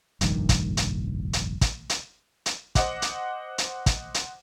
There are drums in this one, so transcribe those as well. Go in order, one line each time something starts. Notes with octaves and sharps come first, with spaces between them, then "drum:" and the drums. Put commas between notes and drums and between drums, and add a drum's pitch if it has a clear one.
F1 A#1 G2 D#3, drum: hi-hat
drum: kick, hi-hat
drum: hi-hat
drum: hi-hat
drum: kick, hi-hat
drum: hi-hat
drum: hi-hat
C5 D#5 F#5 D6, drum: kick, hi-hat
drum: hi-hat
drum: hi-hat
drum: kick, hi-hat
drum: hi-hat